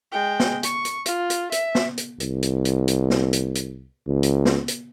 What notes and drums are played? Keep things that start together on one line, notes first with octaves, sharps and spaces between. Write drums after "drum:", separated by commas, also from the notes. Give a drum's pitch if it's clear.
G#3 G5
drum: snare
C#6, drum: hi-hat
drum: hi-hat
F4, drum: hi-hat
drum: hi-hat
E5, drum: hi-hat
drum: snare
drum: hi-hat
C2, drum: hi-hat
drum: hi-hat
drum: hi-hat
drum: hi-hat
drum: snare
drum: hi-hat
drum: hi-hat
C#2
drum: hi-hat
drum: snare
drum: hi-hat